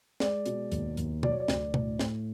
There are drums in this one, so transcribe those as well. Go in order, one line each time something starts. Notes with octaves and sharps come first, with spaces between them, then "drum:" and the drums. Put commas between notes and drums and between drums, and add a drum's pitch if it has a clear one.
G#3 D5, drum: snare
B2, drum: hi-hat
D#2, drum: hi-hat
D#2, drum: hi-hat
F#3 D5, drum: tom B2
C#5
D5
D2, drum: snare
A2, drum: tom B2
A2, drum: snare